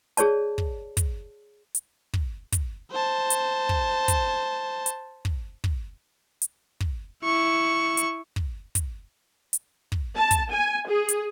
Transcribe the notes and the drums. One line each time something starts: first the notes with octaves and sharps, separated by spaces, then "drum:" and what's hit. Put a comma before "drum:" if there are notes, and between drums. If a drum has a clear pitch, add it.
G#4 C#5 D5 A5, drum: hi-hat
drum: kick
drum: kick, hi-hat
drum: hi-hat
drum: kick
drum: kick, hi-hat
C5 A5
drum: hi-hat
drum: kick
drum: kick, hi-hat
drum: hi-hat
drum: kick
drum: kick
drum: hi-hat
drum: kick
E4 C#6
drum: hi-hat
drum: kick
drum: kick, hi-hat
drum: hi-hat
drum: kick
A5
drum: kick, hi-hat
G#5
G#4
drum: hi-hat